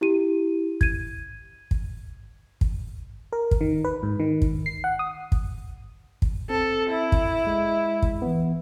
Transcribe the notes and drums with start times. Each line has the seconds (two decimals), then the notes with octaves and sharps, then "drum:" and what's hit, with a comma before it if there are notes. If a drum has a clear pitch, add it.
0.01 E4 G4 D#7
0.81 G#6 D#7, drum: kick
1.71 drum: kick
2.61 drum: kick
3.33 A#4
3.51 drum: kick
3.61 D#3
3.84 B4
4.03 G#2
4.20 D#3
4.42 drum: kick
4.66 C7
4.84 F#5
4.99 D#6
5.32 drum: kick
6.22 drum: kick
6.50 C4 A4
6.90 E4
7.12 drum: kick
7.47 G#3
8.02 drum: kick
8.22 E3 B3